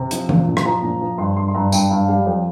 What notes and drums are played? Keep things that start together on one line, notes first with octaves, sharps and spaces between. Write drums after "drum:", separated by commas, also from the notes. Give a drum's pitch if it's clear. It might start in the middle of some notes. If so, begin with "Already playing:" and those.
Already playing: C3
F3, drum: hi-hat
A#2, drum: tom E3
A#2
C6, drum: rim click
F3 A#5
A#2
F3
G2 C6
G2 C6
C6
G2 A#5
G2 G5, drum: tambourine
G2 F5
G3 F5
F2